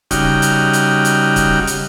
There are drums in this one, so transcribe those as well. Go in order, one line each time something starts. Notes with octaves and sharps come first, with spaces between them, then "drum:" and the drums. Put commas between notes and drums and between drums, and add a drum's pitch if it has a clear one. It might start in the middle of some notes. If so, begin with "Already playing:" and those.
C#3 G3 D#4 F#4 G5 F6, drum: kick C#1, hi-hat
drum: hi-hat
drum: hi-hat
drum: hi-hat
drum: kick C#1, hi-hat
drum: hi-hat